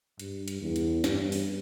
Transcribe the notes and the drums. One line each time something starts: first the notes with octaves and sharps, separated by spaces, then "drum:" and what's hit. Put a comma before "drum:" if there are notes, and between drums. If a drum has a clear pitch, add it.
G2, drum: hi-hat
drum: hi-hat
E2
drum: hi-hat
G2, drum: snare
drum: open hi-hat